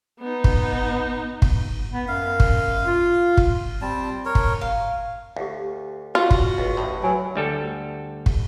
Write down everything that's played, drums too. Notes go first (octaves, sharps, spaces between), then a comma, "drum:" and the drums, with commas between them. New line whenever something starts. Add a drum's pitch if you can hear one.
B3 D#4
drum: kick
drum: kick
B3
F#2 F5
drum: kick
F4
drum: kick
G3 C4 A5
A#4 C#5
drum: kick
F5
D2 G4 F5
F4 F#4
drum: kick
C#2
A1 D2 A2
F#3 B4 G#5
D2 G3 A4
drum: kick